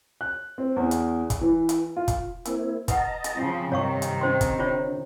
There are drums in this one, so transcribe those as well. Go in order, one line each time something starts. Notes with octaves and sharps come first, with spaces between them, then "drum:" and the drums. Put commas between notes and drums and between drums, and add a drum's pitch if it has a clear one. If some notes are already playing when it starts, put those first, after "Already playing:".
F#6
C4
E2
drum: hi-hat
drum: kick, hi-hat
E3
drum: hi-hat
F4
drum: kick, hi-hat
A#3 C4 E4, drum: hi-hat
B4 D#5 F#5 A5 A#5, drum: kick, hi-hat
drum: hi-hat
C#3 F3 C4
G2 C3 D#3 C#5 F5 C#6
drum: hi-hat
C#4 C5 C6
drum: kick, hi-hat
D3 F4 C5 C#5